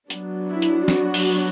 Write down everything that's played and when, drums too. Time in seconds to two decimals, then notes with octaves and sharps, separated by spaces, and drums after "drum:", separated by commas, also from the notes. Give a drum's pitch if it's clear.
0.10 F#3 B3 D4, drum: hi-hat
0.49 E4
0.62 drum: hi-hat
0.88 F#4, drum: snare
1.14 drum: open hi-hat